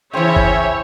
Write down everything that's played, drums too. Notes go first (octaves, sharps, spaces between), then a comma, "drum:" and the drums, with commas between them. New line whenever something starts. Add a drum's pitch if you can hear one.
C#3 E3 E4 C5 C#5 E5 G5
drum: kick